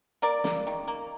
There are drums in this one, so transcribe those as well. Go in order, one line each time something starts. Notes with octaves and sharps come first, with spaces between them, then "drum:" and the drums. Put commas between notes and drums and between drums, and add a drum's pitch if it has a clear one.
A#3 A#4 D5
A#3, drum: snare
D#3
A#3